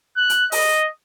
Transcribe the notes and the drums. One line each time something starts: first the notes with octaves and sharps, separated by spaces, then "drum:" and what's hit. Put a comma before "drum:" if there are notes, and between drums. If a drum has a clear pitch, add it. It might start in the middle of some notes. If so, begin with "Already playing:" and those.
F#6
drum: hi-hat
D#5, drum: open hi-hat